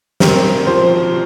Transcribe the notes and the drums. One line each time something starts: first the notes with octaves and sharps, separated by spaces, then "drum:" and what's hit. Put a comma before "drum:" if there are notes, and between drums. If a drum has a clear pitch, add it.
C4 A#4, drum: snare
F3 C5